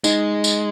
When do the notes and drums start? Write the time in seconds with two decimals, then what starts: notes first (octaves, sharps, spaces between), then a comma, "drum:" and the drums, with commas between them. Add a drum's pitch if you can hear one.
0.04 G#3 D#4, drum: tambourine
0.44 drum: tambourine